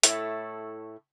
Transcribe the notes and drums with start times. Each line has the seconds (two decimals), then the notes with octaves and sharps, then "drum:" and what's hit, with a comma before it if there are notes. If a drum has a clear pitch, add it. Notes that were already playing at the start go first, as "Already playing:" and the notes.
0.03 A2 A3 E4 A4 C#5, drum: hi-hat